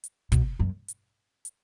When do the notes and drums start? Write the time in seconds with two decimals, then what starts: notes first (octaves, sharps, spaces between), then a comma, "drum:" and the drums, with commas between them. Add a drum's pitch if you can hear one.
0.04 drum: hi-hat
0.32 B2, drum: kick, hi-hat
0.59 F#2
0.88 drum: hi-hat
1.45 drum: hi-hat